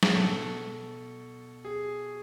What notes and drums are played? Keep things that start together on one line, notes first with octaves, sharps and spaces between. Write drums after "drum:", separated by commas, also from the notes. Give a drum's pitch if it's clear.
drum: snare
B2 A4
G#4